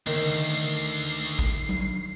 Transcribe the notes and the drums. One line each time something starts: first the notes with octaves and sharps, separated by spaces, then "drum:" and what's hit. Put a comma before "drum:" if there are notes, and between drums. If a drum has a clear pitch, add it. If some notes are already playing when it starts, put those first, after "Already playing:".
D2 D#3 C7, drum: tom C#3
drum: kick A1
drum: tom F#3